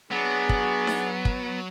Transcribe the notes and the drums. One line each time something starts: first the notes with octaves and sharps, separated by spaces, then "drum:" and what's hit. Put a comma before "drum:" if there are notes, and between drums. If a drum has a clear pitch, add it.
F#3 B3 D4 G#4
drum: kick
drum: snare D#4
drum: kick